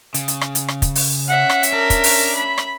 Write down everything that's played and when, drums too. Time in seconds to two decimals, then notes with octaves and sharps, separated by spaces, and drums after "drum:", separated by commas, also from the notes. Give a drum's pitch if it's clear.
0.14 C#3, drum: hi-hat
0.28 drum: hi-hat
0.41 drum: rim click
0.55 drum: hi-hat
0.68 drum: rim click
0.82 drum: kick, hi-hat
0.95 drum: open hi-hat
1.28 C#4 E5 F#5
1.49 drum: rim click
1.63 drum: hi-hat
1.73 D4 A#4
1.90 drum: kick, hi-hat
2.04 drum: open hi-hat
2.36 B5
2.58 drum: rim click